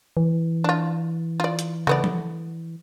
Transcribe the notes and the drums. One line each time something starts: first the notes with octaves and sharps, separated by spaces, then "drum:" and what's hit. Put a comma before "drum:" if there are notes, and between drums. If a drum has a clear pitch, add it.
E3
D4 F4
F4 D5
drum: hi-hat
A3 B3 D5, drum: tom
drum: tom F3